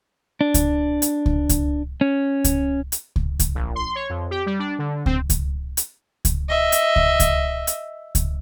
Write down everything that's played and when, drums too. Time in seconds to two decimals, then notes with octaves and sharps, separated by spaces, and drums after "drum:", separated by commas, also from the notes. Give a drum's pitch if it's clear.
0.41 D4
0.54 drum: kick C#2, hi-hat
1.02 drum: hi-hat
1.26 drum: kick C#2
1.49 drum: kick C#2, hi-hat
2.01 C#4
2.44 drum: kick C#2, hi-hat
2.92 drum: hi-hat
3.16 drum: kick C#2
3.39 drum: kick C#2, hi-hat
3.55 A#1
3.75 C6
3.95 C#5
4.10 F2
4.31 G4
4.46 G3
4.59 D4
4.79 D3
5.06 C4, drum: kick C#2
5.30 drum: kick C#2, hi-hat
5.77 drum: hi-hat
6.25 drum: kick C#2, hi-hat
6.49 D#5 E5
6.72 drum: hi-hat
6.96 drum: kick C#2
7.20 drum: kick C#2, hi-hat
7.67 drum: hi-hat
8.15 drum: kick C#2, hi-hat